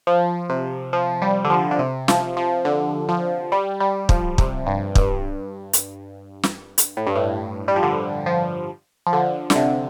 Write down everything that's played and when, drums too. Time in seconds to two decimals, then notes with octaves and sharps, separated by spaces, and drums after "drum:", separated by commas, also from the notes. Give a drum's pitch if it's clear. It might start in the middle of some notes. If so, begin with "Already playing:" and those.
0.07 F3
0.50 C3
0.93 F3
1.22 G3
1.45 D3
1.50 F3
1.71 D3
1.79 C3
2.08 F3, drum: snare
2.37 F3
2.65 D3
3.09 F3
3.52 G3
3.80 G3
4.09 F3, drum: kick
4.38 C3, drum: kick
4.67 G2
4.95 G2, drum: kick
5.73 drum: hi-hat
6.43 drum: snare
6.78 drum: hi-hat
6.97 A2
7.07 G2
7.15 A2
7.68 G3
7.76 F3
7.83 D3
8.26 F3
9.07 F3
9.13 D3
9.50 D3, drum: snare
9.55 C3